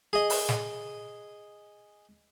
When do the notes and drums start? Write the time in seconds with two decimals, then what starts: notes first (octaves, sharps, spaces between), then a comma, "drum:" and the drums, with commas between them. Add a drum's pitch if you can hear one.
0.13 G#4 D#5
0.30 drum: open hi-hat
0.49 drum: snare